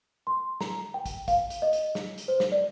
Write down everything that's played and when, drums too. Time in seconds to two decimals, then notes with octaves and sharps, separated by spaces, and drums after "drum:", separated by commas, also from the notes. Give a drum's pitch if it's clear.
0.27 C6
0.61 A#5, drum: snare
0.94 G5
1.06 drum: kick, hi-hat
1.28 F5, drum: kick, hi-hat
1.50 drum: hi-hat
1.62 D#5
1.73 drum: hi-hat
1.95 drum: snare
2.18 drum: hi-hat
2.28 C5
2.40 drum: snare
2.52 D5